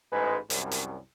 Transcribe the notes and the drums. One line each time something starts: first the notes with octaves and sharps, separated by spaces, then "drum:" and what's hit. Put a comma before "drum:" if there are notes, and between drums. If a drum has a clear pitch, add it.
A1 G#2 G#3 B4
C2 F#2, drum: hi-hat
drum: hi-hat